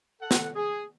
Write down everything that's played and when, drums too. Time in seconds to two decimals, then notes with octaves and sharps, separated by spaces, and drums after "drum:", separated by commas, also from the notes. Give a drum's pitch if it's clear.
0.22 A4 F#5
0.31 drum: snare
0.55 G#4